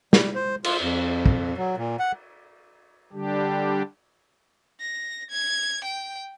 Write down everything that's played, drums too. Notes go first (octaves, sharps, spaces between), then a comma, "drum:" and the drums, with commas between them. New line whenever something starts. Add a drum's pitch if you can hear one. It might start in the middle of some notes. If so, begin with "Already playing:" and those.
G3, drum: snare
C5
F4, drum: cymbal
F2
drum: kick
F#3
A#2
F#5
D3 G3 D4 G4
A#6
G#6
G5